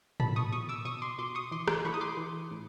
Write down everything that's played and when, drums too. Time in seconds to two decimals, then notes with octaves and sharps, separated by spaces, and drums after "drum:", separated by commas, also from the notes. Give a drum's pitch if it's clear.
0.20 B2 A5 B5, drum: tom G#2
0.36 C#6 D#6
0.52 B2 C#6 D#6
0.69 D6 E6
0.85 B2 C#6 D#6
1.02 C6 D6
1.18 B2 C6 D6
1.35 C#6 D#6
1.51 E3 C6 D6
1.68 C6 D6, drum: rim click
1.85 E3 B5 C#6
1.94 D#6
2.01 C6 D6
2.17 E3
2.51 A2